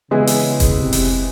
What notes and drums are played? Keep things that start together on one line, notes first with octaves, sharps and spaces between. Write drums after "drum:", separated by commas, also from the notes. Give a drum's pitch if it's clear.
C#3 E3 G#3 B3 E4 G#4
drum: open hi-hat
drum: kick F1, hi-hat
C3
drum: open hi-hat